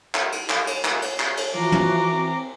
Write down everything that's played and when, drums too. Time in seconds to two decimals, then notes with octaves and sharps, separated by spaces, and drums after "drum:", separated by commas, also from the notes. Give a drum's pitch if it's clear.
0.15 drum: clap
0.32 drum: cymbal
0.50 drum: clap
0.67 drum: cymbal
0.85 drum: clap
1.02 drum: cymbal
1.20 drum: clap
1.37 drum: cymbal
1.55 E3 F3 F#4 A#5 D6
1.72 drum: tom
2.12 C4